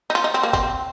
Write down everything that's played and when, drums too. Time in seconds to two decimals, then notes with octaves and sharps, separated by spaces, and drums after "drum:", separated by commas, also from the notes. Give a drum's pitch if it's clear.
0.10 D#4
0.15 F4, drum: tambourine
0.24 D#4
0.34 C4
0.43 A#3
0.53 C4, drum: kick, tambourine